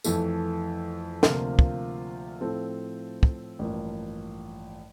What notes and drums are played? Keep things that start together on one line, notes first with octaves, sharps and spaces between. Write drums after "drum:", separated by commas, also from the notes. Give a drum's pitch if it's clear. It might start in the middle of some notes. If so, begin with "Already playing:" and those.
F2 E3 A3, drum: tambourine
D2 C3 F3 A#3 F4, drum: snare
drum: kick
A2 F3 C4 F4 A4
drum: kick
A1 G2 F3 A#3